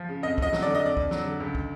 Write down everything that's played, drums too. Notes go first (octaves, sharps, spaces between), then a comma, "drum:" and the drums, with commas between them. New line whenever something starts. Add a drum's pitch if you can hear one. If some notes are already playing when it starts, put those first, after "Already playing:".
Already playing: F3
C#3
F2 D#5
F2 D#5, drum: kick
F#3, drum: snare
D3 D5
D#5
F2 D5
F2, drum: kick
F#3, drum: snare
D3
C#2
drum: kick